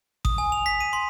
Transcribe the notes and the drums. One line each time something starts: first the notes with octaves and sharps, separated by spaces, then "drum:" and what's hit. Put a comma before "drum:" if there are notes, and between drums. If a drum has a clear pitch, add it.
D#6, drum: kick G#1
G#5
F7
B6
D#7
C6